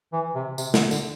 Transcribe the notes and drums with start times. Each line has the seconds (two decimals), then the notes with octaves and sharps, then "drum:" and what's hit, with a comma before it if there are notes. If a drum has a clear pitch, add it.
0.13 E3
0.35 C3
0.58 C3, drum: tambourine
0.74 D3, drum: snare
0.91 D3, drum: tambourine